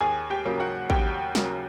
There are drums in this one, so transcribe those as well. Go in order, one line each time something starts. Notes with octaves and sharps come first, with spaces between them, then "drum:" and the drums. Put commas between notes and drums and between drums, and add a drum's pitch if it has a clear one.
D#2 G#4 G#5
G4 G5
C#3 F#3 A#3
F#4 F#5
D#2 G4 G5, drum: kick
C#3 F#3 A#3, drum: snare